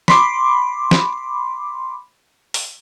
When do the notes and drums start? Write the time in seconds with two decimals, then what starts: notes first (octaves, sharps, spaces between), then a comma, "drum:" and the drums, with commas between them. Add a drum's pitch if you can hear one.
0.08 B5 C6 D6, drum: snare
0.91 drum: snare
2.54 drum: open hi-hat